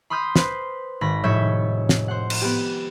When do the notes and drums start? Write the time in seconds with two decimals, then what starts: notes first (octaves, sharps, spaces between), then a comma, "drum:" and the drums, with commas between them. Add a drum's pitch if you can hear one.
0.10 B5 C6 D#6 F6 G6
0.36 B4 C5, drum: snare
1.01 G#1 B5 A#6
1.24 F1 A2 G#3 C#5 E5 G6
1.89 drum: snare
2.08 C5 F#5
2.30 drum: cymbal
2.42 B3 G4